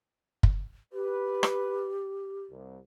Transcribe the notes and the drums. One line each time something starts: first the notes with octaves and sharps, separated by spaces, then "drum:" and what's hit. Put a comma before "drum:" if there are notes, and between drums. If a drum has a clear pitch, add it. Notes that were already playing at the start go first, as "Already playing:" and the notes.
drum: kick
G4 B4
drum: rim click
C2